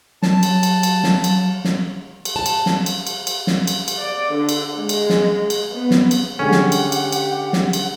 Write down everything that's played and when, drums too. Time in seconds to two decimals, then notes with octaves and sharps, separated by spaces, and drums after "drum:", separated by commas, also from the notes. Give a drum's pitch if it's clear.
0.22 F#3 A5, drum: snare
0.43 drum: cymbal
0.63 drum: cymbal
0.83 drum: cymbal
1.04 drum: snare
1.24 drum: cymbal
1.65 drum: snare
2.25 drum: cymbal
2.36 A5
2.46 drum: cymbal
2.66 drum: snare
2.86 drum: cymbal
3.07 drum: cymbal
3.27 drum: cymbal
3.47 drum: snare
3.67 drum: cymbal
3.88 drum: cymbal
4.01 D5
4.34 D3
4.49 drum: cymbal
4.76 G#3
4.89 drum: cymbal
5.10 drum: snare
5.50 drum: cymbal
5.74 B3
5.91 drum: snare
6.11 drum: cymbal
6.39 D3 G#3 C#4 G4 F#5
6.52 drum: snare
6.72 drum: cymbal
6.92 drum: cymbal
7.12 drum: cymbal
7.53 drum: snare
7.73 drum: cymbal